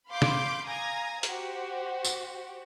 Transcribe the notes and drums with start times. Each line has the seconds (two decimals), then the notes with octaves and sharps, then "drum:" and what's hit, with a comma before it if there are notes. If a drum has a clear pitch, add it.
0.10 F5 B5 C6 D6 G6 D7
0.22 drum: snare
0.66 F5 G#5 A#5 D#6 G#6 A#6
1.23 F#4 G4 C5, drum: hi-hat
2.05 drum: tambourine